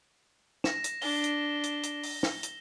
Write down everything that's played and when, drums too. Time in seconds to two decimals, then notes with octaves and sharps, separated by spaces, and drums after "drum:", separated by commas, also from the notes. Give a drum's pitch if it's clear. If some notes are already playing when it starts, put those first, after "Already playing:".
0.64 A#6 E7, drum: snare
0.84 drum: hi-hat
1.02 D4 G7, drum: open hi-hat
1.24 drum: hi-hat
1.63 drum: hi-hat
1.83 drum: hi-hat
2.03 drum: open hi-hat
2.23 drum: snare
2.43 drum: hi-hat